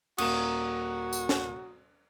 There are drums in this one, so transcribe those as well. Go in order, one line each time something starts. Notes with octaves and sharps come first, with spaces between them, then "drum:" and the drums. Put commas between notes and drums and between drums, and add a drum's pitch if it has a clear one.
D#1 A#3 F#4 A#5 D#6 E7, drum: cymbal
drum: tambourine
drum: snare